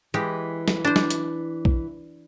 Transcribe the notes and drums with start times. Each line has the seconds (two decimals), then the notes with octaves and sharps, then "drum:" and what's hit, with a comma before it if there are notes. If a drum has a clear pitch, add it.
0.14 E3 G#3 G4
0.68 drum: snare
0.85 D4 C5
0.96 drum: snare
1.10 drum: hi-hat
1.65 drum: kick B1